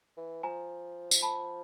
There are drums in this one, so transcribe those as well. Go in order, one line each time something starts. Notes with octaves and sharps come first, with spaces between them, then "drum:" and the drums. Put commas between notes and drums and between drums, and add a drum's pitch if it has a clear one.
E3
F3 G#5 A#5
drum: tambourine
A5 B5